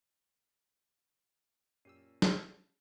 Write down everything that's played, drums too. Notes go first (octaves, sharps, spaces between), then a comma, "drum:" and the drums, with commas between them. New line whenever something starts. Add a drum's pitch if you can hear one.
F#2 A#2 C#4 G4 E6 C7 D#7
drum: snare